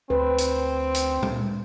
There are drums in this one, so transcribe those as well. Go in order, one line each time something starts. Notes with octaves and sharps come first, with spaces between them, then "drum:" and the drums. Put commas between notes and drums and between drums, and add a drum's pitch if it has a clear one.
D2 C4 B4
drum: hi-hat
drum: hi-hat
drum: tom A#2